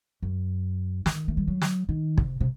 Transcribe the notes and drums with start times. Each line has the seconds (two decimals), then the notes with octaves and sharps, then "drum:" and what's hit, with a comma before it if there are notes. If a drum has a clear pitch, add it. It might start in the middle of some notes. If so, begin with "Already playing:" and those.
0.22 F#2
1.06 D#3, drum: snare
1.28 A3
1.37 G3
1.48 F#3
1.62 drum: snare
1.89 D#3
2.18 C3, drum: kick
2.40 C3